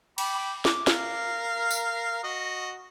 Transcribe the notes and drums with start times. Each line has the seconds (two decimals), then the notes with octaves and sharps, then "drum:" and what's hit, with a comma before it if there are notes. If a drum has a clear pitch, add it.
0.18 G5 B5 D6, drum: cymbal
0.65 D6, drum: snare
0.87 A#4 F5, drum: snare
1.71 drum: tambourine
2.24 F#4 D#5